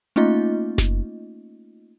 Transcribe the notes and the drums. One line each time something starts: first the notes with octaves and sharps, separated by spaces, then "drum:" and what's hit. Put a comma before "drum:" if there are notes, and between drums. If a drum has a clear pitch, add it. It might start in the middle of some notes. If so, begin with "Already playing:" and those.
A3 A#3 C#4 D#4 F4 D#5
drum: snare F#1